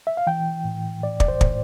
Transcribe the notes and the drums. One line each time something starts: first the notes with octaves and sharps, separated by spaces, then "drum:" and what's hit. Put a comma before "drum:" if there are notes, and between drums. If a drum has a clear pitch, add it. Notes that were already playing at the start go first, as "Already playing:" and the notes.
E5
F5
E3 G5
A2
A2 D5
D5, drum: kick
C5
A2, drum: kick